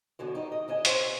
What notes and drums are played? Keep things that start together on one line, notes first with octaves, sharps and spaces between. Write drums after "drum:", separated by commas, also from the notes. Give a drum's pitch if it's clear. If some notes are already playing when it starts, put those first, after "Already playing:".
F#2 B2 D3 E3
D#3 G3 D#4
D#5
D3 E4 D#5 G#5
C#4 C5, drum: hi-hat
C3